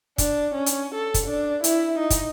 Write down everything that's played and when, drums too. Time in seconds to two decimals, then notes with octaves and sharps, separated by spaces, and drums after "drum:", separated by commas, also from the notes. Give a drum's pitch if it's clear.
0.18 D4, drum: kick, hi-hat
0.55 C#4
0.66 drum: hi-hat
0.95 A4
1.14 drum: kick, hi-hat
1.27 D4
1.64 E4, drum: hi-hat
1.99 D#4
2.10 drum: kick, hi-hat